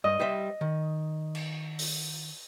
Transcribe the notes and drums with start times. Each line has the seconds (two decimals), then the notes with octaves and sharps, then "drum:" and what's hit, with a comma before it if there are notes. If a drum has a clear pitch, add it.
0.04 G2 D#5
0.20 G3 C5 E5
0.61 D#3
1.35 drum: cymbal
1.79 drum: open hi-hat